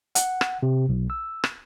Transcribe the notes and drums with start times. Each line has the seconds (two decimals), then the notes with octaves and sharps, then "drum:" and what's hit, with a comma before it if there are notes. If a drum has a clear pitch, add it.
0.15 F#5, drum: hi-hat
0.41 drum: rim click
0.63 C3
0.89 B1
1.10 E6
1.44 drum: rim click